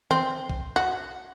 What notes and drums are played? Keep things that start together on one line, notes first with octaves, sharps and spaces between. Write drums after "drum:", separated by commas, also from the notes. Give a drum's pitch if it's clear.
C4, drum: tom D#3
drum: kick
F#4